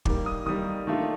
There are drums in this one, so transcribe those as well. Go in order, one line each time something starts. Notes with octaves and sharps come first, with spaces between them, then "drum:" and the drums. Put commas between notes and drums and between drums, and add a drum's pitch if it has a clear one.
D#3 G3 A#3 D6, drum: kick
D#6
D#3 G3 A#3 D#6
D#3 A3 D4 F4